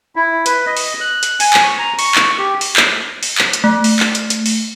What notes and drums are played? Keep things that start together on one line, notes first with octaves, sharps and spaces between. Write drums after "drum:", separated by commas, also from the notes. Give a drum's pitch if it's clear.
E4
B4, drum: hi-hat
D#5
drum: open hi-hat
F#6
drum: hi-hat
G#5, drum: open hi-hat
drum: clap
C#6
A#5
C#6, drum: open hi-hat
drum: clap
G4
drum: open hi-hat
drum: clap
drum: open hi-hat
drum: clap
drum: hi-hat
A3
drum: open hi-hat
drum: clap
drum: hi-hat
drum: hi-hat
drum: open hi-hat